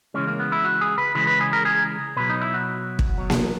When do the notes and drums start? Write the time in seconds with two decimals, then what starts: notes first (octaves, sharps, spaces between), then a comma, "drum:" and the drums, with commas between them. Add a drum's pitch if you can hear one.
0.14 C#3 E3 G#3 C#4
0.27 A#3
0.39 B3
0.52 E4
0.64 F#4
0.81 G#4
0.98 B4
1.15 C#3 E3 G#3 B4
1.27 B4
1.41 G#4
1.53 A#4
1.65 G#4
2.16 B2 F#3 B4
2.29 D#4
2.41 E4
2.54 F#4
2.99 drum: kick
3.18 B2 F#3
3.30 drum: snare A#3